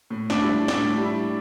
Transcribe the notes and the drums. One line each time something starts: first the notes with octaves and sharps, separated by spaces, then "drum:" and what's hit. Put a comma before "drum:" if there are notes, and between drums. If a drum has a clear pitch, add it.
A2
D4, drum: snare
G3 E4
D4
A2 D4, drum: snare
G3 E4